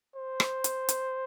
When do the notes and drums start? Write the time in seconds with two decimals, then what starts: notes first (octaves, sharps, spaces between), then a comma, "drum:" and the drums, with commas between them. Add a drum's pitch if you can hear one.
0.16 C5
0.40 drum: rim click
0.64 drum: hi-hat
0.89 drum: hi-hat